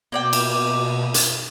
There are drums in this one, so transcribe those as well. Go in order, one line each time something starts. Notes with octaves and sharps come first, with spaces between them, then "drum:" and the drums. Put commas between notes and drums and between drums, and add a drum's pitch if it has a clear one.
B2 A#3 D5 G5
drum: cymbal
drum: hi-hat